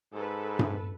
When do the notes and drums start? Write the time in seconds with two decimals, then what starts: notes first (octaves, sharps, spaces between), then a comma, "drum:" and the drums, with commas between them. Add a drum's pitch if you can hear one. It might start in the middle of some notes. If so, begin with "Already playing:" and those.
0.13 G#2 A4 B4
0.59 drum: tom G2